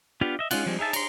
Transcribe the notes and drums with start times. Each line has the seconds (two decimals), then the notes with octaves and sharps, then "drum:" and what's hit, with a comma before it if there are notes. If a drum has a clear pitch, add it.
0.21 B3 D4 F4 G4 F5
0.39 D#5 E5
0.51 G#3 C#4 D#4 F4 F#5, drum: cymbal
0.66 F3 G3 G#3 C4
0.79 D#4 G#4 E5 A5
0.93 A#5 C6, drum: cymbal